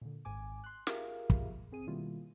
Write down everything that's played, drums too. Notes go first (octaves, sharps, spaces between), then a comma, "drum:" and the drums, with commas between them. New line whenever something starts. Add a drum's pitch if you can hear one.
A#2 D3
G#1 G#2 G#5 D6
C6 F#6
F4 G4 G#4 A#4 E5 F5, drum: snare
drum: kick
C4 G#4 D#7
B2 D#3 G3 A#3 E4 F4